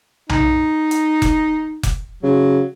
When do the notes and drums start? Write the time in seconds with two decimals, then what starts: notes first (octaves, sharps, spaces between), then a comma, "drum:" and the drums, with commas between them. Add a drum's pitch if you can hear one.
0.29 D#4, drum: tom B1
0.91 drum: hi-hat
1.22 drum: kick F1, hi-hat
1.83 drum: kick F1, hi-hat
2.23 C#3 F#3